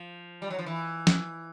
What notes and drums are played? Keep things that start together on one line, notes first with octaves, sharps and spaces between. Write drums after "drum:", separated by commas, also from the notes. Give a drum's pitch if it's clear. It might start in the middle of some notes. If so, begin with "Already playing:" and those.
Already playing: F3
G3
F#3
F3
E3
drum: snare